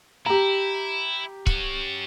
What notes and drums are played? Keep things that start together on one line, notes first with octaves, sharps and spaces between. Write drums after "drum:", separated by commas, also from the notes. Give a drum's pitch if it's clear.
E4 G4 A#5
C#4 F#4, drum: kick